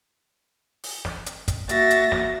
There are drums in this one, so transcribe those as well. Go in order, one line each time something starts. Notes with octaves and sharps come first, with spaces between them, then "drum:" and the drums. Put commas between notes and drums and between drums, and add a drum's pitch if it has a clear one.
drum: open hi-hat
drum: snare
drum: hi-hat
drum: kick, hi-hat
A#3 F#4 E5 A6 A#6, drum: hi-hat
drum: hi-hat
drum: snare